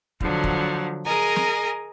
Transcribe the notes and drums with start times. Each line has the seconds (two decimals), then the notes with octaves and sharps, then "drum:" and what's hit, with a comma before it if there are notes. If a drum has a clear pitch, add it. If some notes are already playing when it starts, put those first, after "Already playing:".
0.21 D3 F3 F#3, drum: kick
0.44 drum: kick
1.06 G#4 A#4 D#5 G#5 A#5
1.36 drum: snare